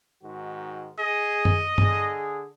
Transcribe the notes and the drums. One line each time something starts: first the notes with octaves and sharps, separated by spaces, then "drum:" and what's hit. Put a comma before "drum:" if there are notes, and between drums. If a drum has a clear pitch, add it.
G#2 D#3 F#4
G#4 D#5
drum: tom F#2
D3 G#4, drum: tom G2